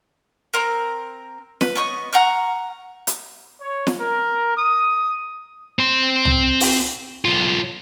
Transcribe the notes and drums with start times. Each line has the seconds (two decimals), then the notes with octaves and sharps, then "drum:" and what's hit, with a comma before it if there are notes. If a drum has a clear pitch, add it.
0.54 C4 A#4
1.61 B4, drum: snare
1.75 B3 C#5 D#5 C#6
2.13 F#5 A#5 C#6 F6
3.07 drum: hi-hat
3.60 C#5
3.87 drum: snare
4.00 A#4
4.57 D#6
5.79 C4 C6
6.25 drum: tom
6.60 drum: open hi-hat
7.25 B1 F4